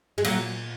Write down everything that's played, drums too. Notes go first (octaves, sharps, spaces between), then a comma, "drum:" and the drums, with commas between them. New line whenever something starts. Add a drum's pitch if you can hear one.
G#3
A#2 F#3 A#3, drum: cymbal